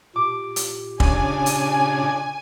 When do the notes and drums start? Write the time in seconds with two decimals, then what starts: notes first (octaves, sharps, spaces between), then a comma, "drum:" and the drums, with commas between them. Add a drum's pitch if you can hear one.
0.16 A#2 G4 D6
0.56 drum: hi-hat
1.00 C#3 D4 G#5, drum: kick
1.46 drum: hi-hat